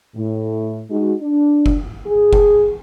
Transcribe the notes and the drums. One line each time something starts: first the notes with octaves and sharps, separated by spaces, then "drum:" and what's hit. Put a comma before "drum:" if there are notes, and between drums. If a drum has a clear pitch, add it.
A2
G#3 D#4 F#4
D4
drum: kick F#1
G#4
drum: kick F#1